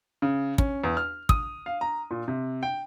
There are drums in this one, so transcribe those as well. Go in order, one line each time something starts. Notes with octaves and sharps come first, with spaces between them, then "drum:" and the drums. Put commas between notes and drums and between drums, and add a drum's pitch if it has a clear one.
C#3
C#4, drum: kick
E2
F6
D#6, drum: kick
F5
A#5
A#2
C3
G5